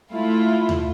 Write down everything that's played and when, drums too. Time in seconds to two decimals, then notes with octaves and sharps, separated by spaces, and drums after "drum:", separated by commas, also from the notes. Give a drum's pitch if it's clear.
0.12 A3 E4 F4
0.69 drum: tom D#2